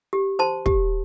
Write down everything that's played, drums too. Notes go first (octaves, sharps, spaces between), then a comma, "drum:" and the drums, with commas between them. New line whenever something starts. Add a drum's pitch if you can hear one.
G4
C5 A5 C6
G4, drum: kick